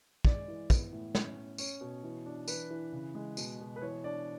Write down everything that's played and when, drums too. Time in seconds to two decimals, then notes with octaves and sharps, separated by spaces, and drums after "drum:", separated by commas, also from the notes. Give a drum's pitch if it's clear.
0.25 G#3 D5, drum: kick
0.48 E3
0.70 B3, drum: kick, tambourine
0.93 A2
1.15 C#4, drum: snare
1.36 C#4
1.58 C#4 C#5, drum: tambourine
1.81 B2
2.04 E3
2.26 D4
2.48 E3 B4, drum: tambourine
2.71 E3
2.93 C#3
3.15 G#3
3.37 B2, drum: tambourine
3.60 B2
3.76 B4
3.82 E3 C#5
4.04 D4 D5